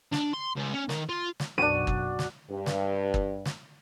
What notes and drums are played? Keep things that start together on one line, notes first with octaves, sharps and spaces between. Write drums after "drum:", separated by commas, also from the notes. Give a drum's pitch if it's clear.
D4, drum: snare
C6
C#2
C#4
D#3, drum: snare
F4
drum: snare
B1 F#2 B2 D4 F#4 D#7
drum: kick
drum: snare
G2
drum: snare
drum: kick
drum: snare